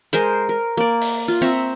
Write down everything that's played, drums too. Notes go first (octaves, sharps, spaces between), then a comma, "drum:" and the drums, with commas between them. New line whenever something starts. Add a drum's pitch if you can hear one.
G#3 A#4 C5, drum: hi-hat
A#4
A#3 D5
drum: open hi-hat
F4
C4 E5 A#5 C#6